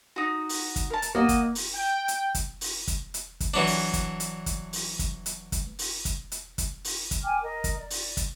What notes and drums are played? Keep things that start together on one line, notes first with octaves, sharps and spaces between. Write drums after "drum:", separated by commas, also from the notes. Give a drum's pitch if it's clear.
D#4 F#4
drum: open hi-hat
drum: kick, hi-hat
A#4 A5
drum: hi-hat
A#3 F#4 D#5
drum: kick, hi-hat
drum: open hi-hat
G5
drum: hi-hat
drum: kick, hi-hat
drum: open hi-hat
drum: kick, hi-hat
drum: hi-hat
drum: kick, hi-hat
E3 F#3 D4
drum: open hi-hat
drum: kick, hi-hat
drum: hi-hat
drum: kick, hi-hat
drum: open hi-hat
drum: kick, hi-hat
drum: hi-hat
drum: kick, hi-hat
drum: open hi-hat
drum: kick, hi-hat
drum: hi-hat
drum: kick, hi-hat
drum: open hi-hat
drum: kick, hi-hat
G5 G#5 D6 F6
A#4 D#5
drum: kick, hi-hat
D5
drum: open hi-hat
drum: kick, hi-hat